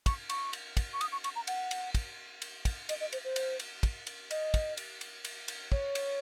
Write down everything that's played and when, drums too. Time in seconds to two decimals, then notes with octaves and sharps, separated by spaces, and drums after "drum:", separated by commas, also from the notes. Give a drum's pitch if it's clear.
0.06 C#6, drum: kick, cymbal
0.30 C#6, drum: cymbal
0.53 drum: cymbal
0.77 drum: kick, cymbal
0.93 C#6
1.01 D#6, drum: cymbal
1.12 C#6
1.24 C#6, drum: cymbal
1.36 A#5
1.47 F#5, drum: cymbal
1.71 drum: cymbal
1.95 drum: kick, cymbal
2.42 drum: cymbal
2.65 drum: kick, cymbal
2.89 D#5, drum: cymbal
3.01 D#5
3.12 C5, drum: cymbal
3.24 C5
3.36 drum: cymbal
3.60 drum: cymbal
3.83 drum: kick, cymbal
4.07 drum: cymbal
4.31 D#5, drum: cymbal
4.54 drum: kick, cymbal
4.77 drum: cymbal
5.01 drum: cymbal
5.25 drum: cymbal
5.48 drum: cymbal
5.72 C#5, drum: kick
5.95 drum: cymbal